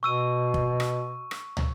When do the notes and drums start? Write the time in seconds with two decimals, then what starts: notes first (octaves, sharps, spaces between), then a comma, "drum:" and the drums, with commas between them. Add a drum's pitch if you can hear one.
0.03 B2 C#6 E6 D#7
0.54 drum: kick
0.80 drum: rim click
1.31 drum: rim click
1.57 drum: tom